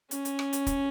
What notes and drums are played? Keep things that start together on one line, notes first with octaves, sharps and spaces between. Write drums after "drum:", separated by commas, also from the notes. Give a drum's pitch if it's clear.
C#4, drum: hi-hat
drum: hi-hat
drum: rim click
drum: hi-hat
drum: kick, hi-hat